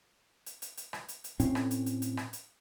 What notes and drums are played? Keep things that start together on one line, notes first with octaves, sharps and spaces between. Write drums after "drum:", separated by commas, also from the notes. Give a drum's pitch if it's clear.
drum: hi-hat
drum: hi-hat
drum: hi-hat
drum: rim click
drum: hi-hat
drum: hi-hat
A2 C4 C#4, drum: hi-hat
drum: rim click
drum: hi-hat
drum: hi-hat
drum: hi-hat
drum: rim click
drum: hi-hat